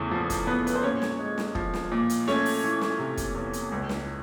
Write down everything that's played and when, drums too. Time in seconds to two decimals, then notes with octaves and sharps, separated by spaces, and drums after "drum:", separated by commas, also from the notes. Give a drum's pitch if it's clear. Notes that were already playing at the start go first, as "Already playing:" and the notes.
Already playing: E2 C#3 A3 A4
0.11 F3
0.30 drum: kick, hi-hat
0.47 E2 B3 B4
0.67 B4, drum: hi-hat
0.75 C5
0.83 A#2 C#4 C#5
1.02 drum: snare
1.19 G#3
1.38 drum: snare
1.55 F3, drum: kick
1.74 drum: snare
1.92 A#2
2.10 drum: hi-hat
2.28 A3 C#4 C#5, drum: snare
2.45 drum: open hi-hat
2.64 E3
2.81 drum: snare
2.99 C3
3.17 drum: kick, hi-hat
3.35 E2
3.53 drum: hi-hat
3.72 C#2
3.89 drum: snare